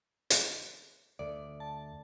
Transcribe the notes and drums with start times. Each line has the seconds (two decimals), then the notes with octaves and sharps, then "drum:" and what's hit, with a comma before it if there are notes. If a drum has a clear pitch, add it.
0.30 drum: hi-hat
1.19 D2 D5
1.60 A5